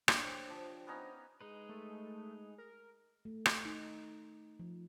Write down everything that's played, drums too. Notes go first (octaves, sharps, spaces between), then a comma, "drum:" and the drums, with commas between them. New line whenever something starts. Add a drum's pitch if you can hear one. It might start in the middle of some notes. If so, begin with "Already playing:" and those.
A#3 D4 G4 C#5 D5, drum: rim click
C5
F3
B3 C#4 D#4
G#3 D#4 G#4 B4
A3
A#4
A3
drum: rim click
D#4
F3